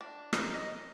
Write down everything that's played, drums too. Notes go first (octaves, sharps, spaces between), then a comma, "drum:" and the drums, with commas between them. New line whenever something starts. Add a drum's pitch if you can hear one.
D4
A#4, drum: rim click
D#5